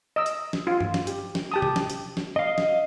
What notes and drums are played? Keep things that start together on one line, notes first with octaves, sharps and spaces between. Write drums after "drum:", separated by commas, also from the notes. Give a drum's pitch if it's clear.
D#5 E6
drum: hi-hat
drum: snare
F4
drum: tom
drum: snare
G4, drum: hi-hat
drum: snare
G4 A5 D#6
drum: tom
drum: snare
drum: hi-hat
drum: snare
D#5 F5
drum: snare